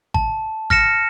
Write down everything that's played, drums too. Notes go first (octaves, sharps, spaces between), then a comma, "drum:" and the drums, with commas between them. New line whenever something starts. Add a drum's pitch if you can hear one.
A5, drum: kick
F6 A#6 C#7 E7, drum: kick